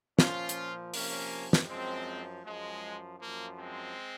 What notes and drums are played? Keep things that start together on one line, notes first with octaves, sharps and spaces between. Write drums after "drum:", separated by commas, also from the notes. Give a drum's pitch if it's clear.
A#2 F3 C#4 F4, drum: snare
drum: hi-hat
C3 F3 A#3 C#4, drum: open hi-hat
drum: snare
F#2 F3 G#3 C4
F#2 F3 G#3
F#2 F3 A#3
G#3 C4